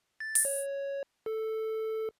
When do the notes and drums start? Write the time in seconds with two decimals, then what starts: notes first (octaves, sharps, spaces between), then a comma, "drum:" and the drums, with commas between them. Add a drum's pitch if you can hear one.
0.20 A6
0.35 drum: open hi-hat
0.45 C#5
1.26 A4